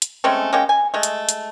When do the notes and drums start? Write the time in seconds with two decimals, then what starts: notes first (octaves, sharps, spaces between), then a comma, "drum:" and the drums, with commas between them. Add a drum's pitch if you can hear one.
0.02 drum: hi-hat
0.24 G#3 A3 C4 C#4
0.53 G#3 A#3 C#4 G4
0.69 G#5
0.94 G#3 A3
1.03 drum: hi-hat
1.29 drum: hi-hat